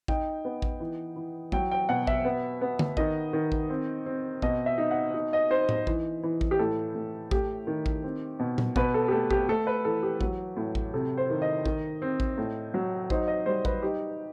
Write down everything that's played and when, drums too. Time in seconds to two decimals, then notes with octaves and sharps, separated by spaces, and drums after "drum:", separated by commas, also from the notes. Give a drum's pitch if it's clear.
0.08 D#4 G5, drum: kick A1
0.45 B3
0.62 drum: kick A1
0.80 E3
1.16 E3
1.52 F#3 G5, drum: kick A1
1.71 G5
1.89 B2 F#5
2.07 E5, drum: kick A1
2.25 B3
2.61 B3
2.79 drum: tom D3
2.97 D#3 D#5, drum: kick A1
3.33 D#3
3.52 drum: kick A1
3.70 C4
4.06 C4
4.42 B2 D#5, drum: kick A1
4.66 E5
4.78 D#4
4.91 F#5
5.14 D#4
5.33 D#5
5.50 D#4 C5
5.69 drum: tom A2
5.87 E3, drum: kick A1
6.23 E3
6.41 drum: kick A1
6.51 G4
6.59 A2 A4
6.95 A2
7.31 A3 G4, drum: kick A1
7.67 D#3
7.86 drum: kick A1
8.03 C4
8.39 B2
8.58 drum: tom
8.76 B2 B4, drum: kick A1
8.94 A4
9.08 G4
9.12 A3 A4
9.31 G4, drum: kick A1
9.48 A3 A4
9.67 B4
9.85 E3 A4
10.03 G4
10.21 F#3, drum: kick A1
10.57 A2
10.75 drum: kick A1
10.94 C3 A4
11.18 C5
11.30 D#3
11.42 D#5
11.66 D#3, drum: kick A1
12.02 C4
12.20 drum: kick A1
12.38 A2
12.74 F#3
13.10 D#4 C5, drum: kick A1
13.28 D#5
13.46 G3 C5
13.65 B4, drum: kick A1
13.83 D#4 G4